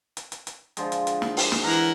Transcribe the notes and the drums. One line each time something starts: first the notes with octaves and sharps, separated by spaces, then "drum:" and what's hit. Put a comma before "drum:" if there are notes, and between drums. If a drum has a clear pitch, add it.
drum: hi-hat
drum: hi-hat
drum: hi-hat
D3 F3 G#3, drum: hi-hat
drum: hi-hat
drum: hi-hat
drum: snare
drum: open hi-hat
drum: snare
E3 A#4 E5 F#5 A#5